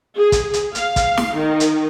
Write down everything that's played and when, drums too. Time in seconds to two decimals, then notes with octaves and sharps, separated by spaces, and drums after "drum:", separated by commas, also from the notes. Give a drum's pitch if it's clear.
0.17 G#4
0.32 drum: kick, hi-hat
0.54 drum: hi-hat
0.75 F5, drum: hi-hat
0.96 drum: kick, hi-hat
1.17 drum: snare
1.35 D#3
1.60 drum: hi-hat